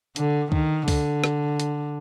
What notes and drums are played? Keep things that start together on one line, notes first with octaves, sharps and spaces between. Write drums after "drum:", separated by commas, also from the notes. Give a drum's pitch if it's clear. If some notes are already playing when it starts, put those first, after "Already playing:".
D3, drum: hi-hat
D#3, drum: kick C#2
D3, drum: kick C#2, open hi-hat
drum: rim click
drum: hi-hat